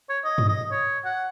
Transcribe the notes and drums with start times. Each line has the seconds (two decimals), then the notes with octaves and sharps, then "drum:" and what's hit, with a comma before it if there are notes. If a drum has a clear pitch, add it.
0.09 C#5
0.25 D#5
0.38 drum: tom G2
0.49 D#5
0.71 C#5
1.05 F#5